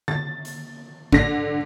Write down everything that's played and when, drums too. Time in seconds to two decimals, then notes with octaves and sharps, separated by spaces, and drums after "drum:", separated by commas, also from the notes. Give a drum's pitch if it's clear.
0.08 A6, drum: tom D3
0.45 drum: hi-hat
1.12 D3 A#6, drum: kick G#1